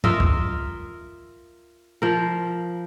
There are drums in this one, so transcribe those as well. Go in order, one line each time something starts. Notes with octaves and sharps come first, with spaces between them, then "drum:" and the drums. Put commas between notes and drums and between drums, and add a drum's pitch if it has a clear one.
F4 A#4 D#5 E5, drum: tom G#2
drum: kick C#2
F3 A#4